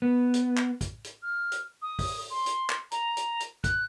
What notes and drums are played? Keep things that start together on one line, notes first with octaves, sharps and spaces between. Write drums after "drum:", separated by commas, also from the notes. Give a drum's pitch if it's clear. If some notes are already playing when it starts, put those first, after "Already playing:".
B3
drum: hi-hat
drum: clap
drum: kick, hi-hat
drum: hi-hat
F6
drum: hi-hat
D#6
drum: kick, open hi-hat
C6
drum: hi-hat
drum: clap
A#5, drum: hi-hat
drum: hi-hat
drum: hi-hat
F#6, drum: kick, hi-hat